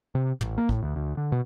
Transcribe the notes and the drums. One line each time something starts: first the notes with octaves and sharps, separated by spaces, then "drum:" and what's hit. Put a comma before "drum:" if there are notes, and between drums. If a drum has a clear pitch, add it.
C3
A1, drum: tom
A#3
A2, drum: kick A1
D2
D2
D3
B2